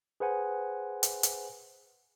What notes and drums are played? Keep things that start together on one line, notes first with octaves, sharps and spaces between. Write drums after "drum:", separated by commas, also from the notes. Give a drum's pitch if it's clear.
G#4 B4 C5 F#5 G#5
drum: hi-hat
drum: hi-hat